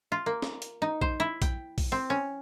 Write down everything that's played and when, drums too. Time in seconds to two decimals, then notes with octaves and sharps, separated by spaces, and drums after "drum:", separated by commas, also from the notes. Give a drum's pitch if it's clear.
0.12 F4
0.26 A#3
0.42 drum: snare
0.62 drum: hi-hat
0.82 D#4
1.01 C5, drum: kick A#1
1.20 E4
1.42 G5, drum: kick A#1, hi-hat
1.78 drum: kick A#1, open hi-hat
1.92 C4
2.10 C#4